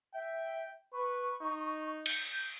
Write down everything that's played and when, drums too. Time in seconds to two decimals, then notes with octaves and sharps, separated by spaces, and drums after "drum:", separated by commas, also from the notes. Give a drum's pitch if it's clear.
0.14 E5 G5
0.93 B4 C#6
1.42 D#4
2.06 G6, drum: cymbal